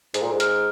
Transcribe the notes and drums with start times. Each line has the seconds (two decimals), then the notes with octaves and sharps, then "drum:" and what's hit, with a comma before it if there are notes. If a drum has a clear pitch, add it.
0.14 G#2, drum: hi-hat
0.22 A#2
0.31 G#2
0.40 F6, drum: hi-hat